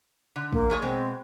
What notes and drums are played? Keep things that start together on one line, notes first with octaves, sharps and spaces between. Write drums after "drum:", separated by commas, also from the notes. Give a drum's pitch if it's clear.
D3
A#3, drum: kick
F3 G#4 C#5
B2 G#3 C4